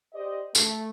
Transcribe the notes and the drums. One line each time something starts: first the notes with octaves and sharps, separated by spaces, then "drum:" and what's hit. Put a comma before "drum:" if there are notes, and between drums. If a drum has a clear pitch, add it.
G4 C5 D5 D#5
A3, drum: tambourine